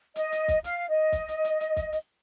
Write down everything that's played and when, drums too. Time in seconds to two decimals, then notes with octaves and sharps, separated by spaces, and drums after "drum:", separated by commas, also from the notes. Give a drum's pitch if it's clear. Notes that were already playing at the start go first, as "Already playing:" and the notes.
0.16 D#5, drum: hi-hat
0.32 drum: hi-hat
0.48 drum: kick, hi-hat
0.64 F5, drum: hi-hat
0.89 D#5
1.12 drum: kick, hi-hat
1.28 drum: hi-hat
1.44 drum: hi-hat
1.60 drum: hi-hat
1.76 drum: kick, hi-hat
1.92 drum: hi-hat